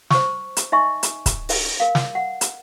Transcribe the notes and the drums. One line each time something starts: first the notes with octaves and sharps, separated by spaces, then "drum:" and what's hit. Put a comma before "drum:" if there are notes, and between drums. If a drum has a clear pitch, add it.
C5 C#6, drum: snare
drum: hi-hat
D#4 D#5 E5 G#5 C6 C#6
drum: hi-hat
drum: kick, hi-hat
drum: open hi-hat
A#4 F5
drum: snare
F#5
drum: hi-hat